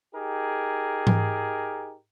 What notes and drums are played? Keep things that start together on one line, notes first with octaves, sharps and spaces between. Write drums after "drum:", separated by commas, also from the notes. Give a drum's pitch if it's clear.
D#4 G4 G#4 A#4
drum: tom G#2